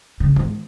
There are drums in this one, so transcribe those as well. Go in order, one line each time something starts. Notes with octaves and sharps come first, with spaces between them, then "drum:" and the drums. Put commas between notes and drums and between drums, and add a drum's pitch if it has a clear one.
C#3
G#2, drum: tom D#3